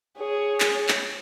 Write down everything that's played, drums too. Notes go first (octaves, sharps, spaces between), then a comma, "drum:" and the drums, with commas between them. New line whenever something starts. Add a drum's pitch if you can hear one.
G#4 C#5
drum: clap
drum: clap